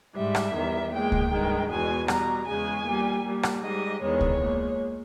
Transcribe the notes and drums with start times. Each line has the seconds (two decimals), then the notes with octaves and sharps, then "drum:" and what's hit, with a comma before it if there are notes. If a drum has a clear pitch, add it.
0.15 G#2 G3 E5
0.35 drum: rim click
0.54 E2 D#3 G3
0.92 A#2 G#3 G5
1.12 drum: kick C#2
1.31 G2 D#3 G#3
1.70 E2 B2 G#3 G#5
2.08 B2 G3 A#5, drum: rim click
2.46 E2 C#3 G#3 G#5
2.85 A#2 G3
3.24 A#2 G3
3.43 drum: rim click
3.62 G#2 G3 D#5
4.01 E2 D#3 G#3 C#5
4.21 drum: kick C#2
4.40 A#2 G#3